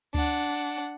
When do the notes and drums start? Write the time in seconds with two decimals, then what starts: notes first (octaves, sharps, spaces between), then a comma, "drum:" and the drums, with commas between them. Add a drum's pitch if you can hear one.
0.14 D4 F#5, drum: kick D2